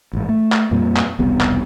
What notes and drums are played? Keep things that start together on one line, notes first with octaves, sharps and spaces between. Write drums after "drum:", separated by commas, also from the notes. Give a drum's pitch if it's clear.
A1 G#2
A3
drum: clap
F2 A#2 G3 A#3
drum: clap
E1 C2 G3 B3
drum: clap